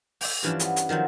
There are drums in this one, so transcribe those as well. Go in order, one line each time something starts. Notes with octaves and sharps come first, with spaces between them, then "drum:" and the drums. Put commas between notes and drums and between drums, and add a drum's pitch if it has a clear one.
E5 G5, drum: open hi-hat
G2 E3 F3 C#4 D4
B3, drum: hi-hat
drum: hi-hat
D#3 F3 F#3 C4